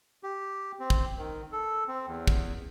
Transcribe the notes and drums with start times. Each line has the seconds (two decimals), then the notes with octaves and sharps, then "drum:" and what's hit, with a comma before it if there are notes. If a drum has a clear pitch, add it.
0.23 G4
0.80 C4
0.90 drum: kick
1.18 D#3
1.52 A4
1.88 C4
2.07 E2
2.28 drum: kick